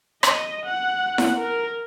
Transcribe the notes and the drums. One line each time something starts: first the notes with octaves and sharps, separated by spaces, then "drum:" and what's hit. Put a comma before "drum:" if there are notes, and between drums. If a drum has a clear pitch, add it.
D#5, drum: rim click
F#5
drum: snare E4
A#4